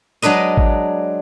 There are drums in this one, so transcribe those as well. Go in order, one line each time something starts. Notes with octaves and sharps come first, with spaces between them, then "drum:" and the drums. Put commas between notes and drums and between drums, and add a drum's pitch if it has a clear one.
F#3 G#3 D4 B4 D#5
drum: kick G#1